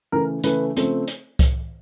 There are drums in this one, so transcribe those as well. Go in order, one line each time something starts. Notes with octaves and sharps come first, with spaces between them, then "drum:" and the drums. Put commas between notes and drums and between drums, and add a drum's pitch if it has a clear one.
C#3 E3 A3 A#4
C#3 E3 A3 B4, drum: hi-hat
C#3 F3 A3 C4, drum: hi-hat
drum: hi-hat
drum: kick C2, hi-hat